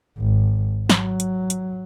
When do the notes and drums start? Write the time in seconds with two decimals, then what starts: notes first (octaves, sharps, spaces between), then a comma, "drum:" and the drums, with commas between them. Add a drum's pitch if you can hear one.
0.18 G#1
0.90 F#3, drum: snare
1.20 drum: hi-hat
1.50 drum: hi-hat